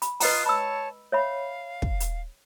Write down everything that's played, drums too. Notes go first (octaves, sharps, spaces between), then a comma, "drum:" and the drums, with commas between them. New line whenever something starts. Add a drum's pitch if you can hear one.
B5, drum: hi-hat
F4 B4 D#5 A#5 D#6 F#6, drum: open hi-hat
C#5 A5 B5 E6
C#5 E5 F5 B5
drum: kick
drum: hi-hat